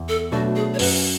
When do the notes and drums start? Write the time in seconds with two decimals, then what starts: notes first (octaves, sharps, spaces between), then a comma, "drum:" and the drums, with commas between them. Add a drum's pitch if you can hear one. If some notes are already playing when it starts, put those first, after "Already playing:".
Already playing: E2
0.08 A4
0.32 B2 F#3 A3 D4 F#4
0.56 G#4
0.74 C#5
0.79 F#2 B4, drum: open hi-hat